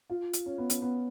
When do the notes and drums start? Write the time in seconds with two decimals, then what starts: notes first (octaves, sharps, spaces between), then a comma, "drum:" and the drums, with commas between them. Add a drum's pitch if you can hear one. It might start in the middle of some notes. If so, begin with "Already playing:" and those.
0.10 F4
0.33 drum: hi-hat
0.46 C#4
0.58 B3
0.70 C#4, drum: hi-hat
0.82 B3